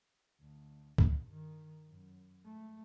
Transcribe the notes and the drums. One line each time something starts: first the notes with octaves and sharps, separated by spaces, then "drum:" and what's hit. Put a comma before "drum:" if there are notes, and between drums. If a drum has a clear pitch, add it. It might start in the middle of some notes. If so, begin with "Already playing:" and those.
D2
G2 A#2, drum: kick C#2
D#3
F#2
G#3 A3